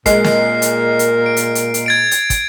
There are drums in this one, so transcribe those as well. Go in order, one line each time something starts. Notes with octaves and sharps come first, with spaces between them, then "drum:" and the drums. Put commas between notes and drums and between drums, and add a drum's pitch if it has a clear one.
A#2 G#3 A#4 C7, drum: kick, hi-hat
drum: snare
drum: hi-hat
drum: hi-hat
D7
drum: hi-hat
drum: hi-hat
drum: hi-hat
G#6 A6 D7
drum: hi-hat
drum: kick, hi-hat